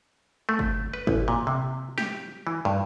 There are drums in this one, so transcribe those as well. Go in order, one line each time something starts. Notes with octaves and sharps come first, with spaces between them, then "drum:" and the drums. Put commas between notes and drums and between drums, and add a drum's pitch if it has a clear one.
A3
drum: kick G1
B4
A1, drum: kick G1
A#2
C3
G4, drum: snare
E3
G2